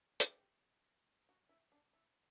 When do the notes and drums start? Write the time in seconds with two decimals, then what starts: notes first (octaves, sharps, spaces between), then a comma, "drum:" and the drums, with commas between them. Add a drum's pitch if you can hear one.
0.20 G4, drum: hi-hat
1.29 F#4
1.49 E4
1.72 D4
1.93 E4